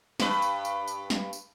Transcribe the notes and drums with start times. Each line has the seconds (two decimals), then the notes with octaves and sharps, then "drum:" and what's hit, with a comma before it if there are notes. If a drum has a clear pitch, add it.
0.20 G2 B4, drum: snare
0.42 drum: tambourine
0.65 drum: tambourine
0.88 drum: tambourine
1.10 drum: snare
1.33 drum: tambourine